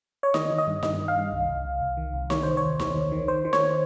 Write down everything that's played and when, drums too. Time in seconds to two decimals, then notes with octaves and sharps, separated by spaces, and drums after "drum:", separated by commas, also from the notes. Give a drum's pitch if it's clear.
0.23 C#5
0.34 D#3 D#5, drum: snare D#4
0.51 D#3
0.58 D#5
0.67 G2
0.83 G2 D#5, drum: snare D#4
1.00 D#3
1.08 F5
1.16 G2
1.32 C2
1.49 C2
1.65 C2
1.81 C2
1.97 D#3
2.13 C2
2.30 D#3 C#5, drum: snare D#4
2.43 D#3 C5
2.57 C#5
2.63 D#2
2.80 D#2, drum: snare D#4
2.96 D#2
3.12 D#3
3.28 D#3 C5
3.45 D#3
3.53 C#5, drum: snare D#4